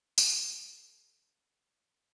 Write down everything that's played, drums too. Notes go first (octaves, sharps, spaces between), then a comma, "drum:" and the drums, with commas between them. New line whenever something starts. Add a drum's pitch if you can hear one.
A4 A5, drum: tambourine